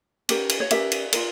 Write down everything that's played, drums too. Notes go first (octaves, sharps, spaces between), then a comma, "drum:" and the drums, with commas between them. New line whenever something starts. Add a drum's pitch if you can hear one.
C#4 G4 A#4, drum: cymbal
drum: cymbal
C#5
C#4 G4 A#4 E5, drum: cymbal
drum: cymbal
F4 A#4, drum: cymbal